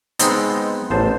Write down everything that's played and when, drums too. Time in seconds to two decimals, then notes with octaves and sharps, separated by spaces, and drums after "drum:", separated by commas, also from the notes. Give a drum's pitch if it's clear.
0.19 G#3 B3 C4 D#4, drum: hi-hat
0.90 A1 C5 A5